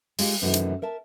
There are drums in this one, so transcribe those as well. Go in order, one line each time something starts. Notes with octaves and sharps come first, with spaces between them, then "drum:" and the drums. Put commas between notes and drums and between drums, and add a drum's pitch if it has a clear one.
G#3 F4 G4, drum: open hi-hat
F#2 C3 D#3 E3 A3 F#4
drum: hi-hat
A#4 E5 A5